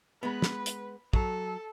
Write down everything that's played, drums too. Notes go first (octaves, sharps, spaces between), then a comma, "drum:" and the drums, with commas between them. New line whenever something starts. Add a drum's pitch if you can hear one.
G#3 B3 B4
drum: snare
drum: hi-hat
F#3 A4, drum: kick